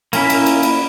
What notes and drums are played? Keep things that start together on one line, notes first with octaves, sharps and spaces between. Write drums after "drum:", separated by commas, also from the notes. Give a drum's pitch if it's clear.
A#3 C#4 E4, drum: cymbal
drum: cymbal
drum: cymbal
drum: cymbal